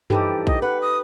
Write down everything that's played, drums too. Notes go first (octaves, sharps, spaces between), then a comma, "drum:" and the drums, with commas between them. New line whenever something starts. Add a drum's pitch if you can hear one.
G2 E3 F3 D#4 G4 A4, drum: tom F#2
D#5, drum: kick A#1
B4 F#5
D#6